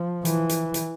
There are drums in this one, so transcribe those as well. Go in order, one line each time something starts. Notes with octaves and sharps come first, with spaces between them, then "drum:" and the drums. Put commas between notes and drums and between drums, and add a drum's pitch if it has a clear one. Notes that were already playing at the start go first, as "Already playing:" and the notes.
Already playing: F3
E3, drum: hi-hat
drum: hi-hat
drum: hi-hat